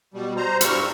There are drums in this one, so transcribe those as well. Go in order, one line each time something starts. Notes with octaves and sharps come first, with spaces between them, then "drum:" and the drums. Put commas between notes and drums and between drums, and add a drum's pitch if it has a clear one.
B2 G3
C5 A#5
G2 G3 C#6 E6 F6, drum: hi-hat